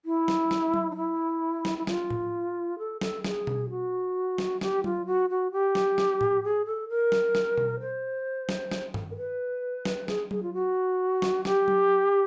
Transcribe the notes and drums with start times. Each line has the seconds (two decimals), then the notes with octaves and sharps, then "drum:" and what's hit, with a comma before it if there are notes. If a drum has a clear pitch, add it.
0.05 E4
0.28 drum: snare
0.51 drum: snare
0.74 drum: tom F#3
0.91 D#4
0.96 E4
1.65 drum: snare
1.78 E4
1.87 F4, drum: snare
2.10 drum: tom A2
2.79 A4
3.01 A4, drum: snare
3.24 G#4, drum: snare
3.47 drum: tom B2
3.70 F#4
4.38 drum: snare
4.61 G4, drum: snare
4.84 F4, drum: tom F#3
5.06 F#4
5.30 F#4
5.52 G4
5.75 drum: snare
5.98 drum: snare
6.21 drum: tom A2
6.44 G#4
6.66 A4
6.89 A#4
7.12 drum: snare
7.35 drum: snare
7.58 drum: tom B2
7.81 C5
8.49 drum: snare
8.71 drum: snare
8.94 drum: tom G2
9.11 A#4
9.17 B4
9.85 drum: snare
10.08 G#4, drum: snare
10.31 G#4, drum: tom F#3
10.43 F4
10.54 F#4
11.22 drum: snare
11.45 G4, drum: snare
11.68 drum: tom F#3